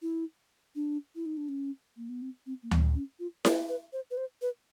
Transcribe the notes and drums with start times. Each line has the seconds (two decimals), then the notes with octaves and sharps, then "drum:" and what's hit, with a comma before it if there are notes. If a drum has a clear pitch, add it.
0.02 E4
0.75 D4
1.16 E4
1.26 D#4
1.37 D4
1.49 C#4
1.97 A#3
2.09 B3
2.22 C4
2.46 C4
2.63 A#3
2.71 B3, drum: tom D2
2.95 C#4
3.19 F4
3.45 A#4, drum: snare E4
3.69 B4
3.93 C5
4.11 B4
4.17 C5
4.42 B4